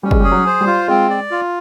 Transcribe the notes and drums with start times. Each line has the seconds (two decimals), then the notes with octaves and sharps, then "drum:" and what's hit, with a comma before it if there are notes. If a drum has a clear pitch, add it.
0.03 G3 C#4
0.11 G#3, drum: kick
0.20 G3
0.24 G#4
0.32 F#3
0.46 C5
0.61 G3
0.67 F4
0.88 G#3 C4
1.10 D5
1.31 F4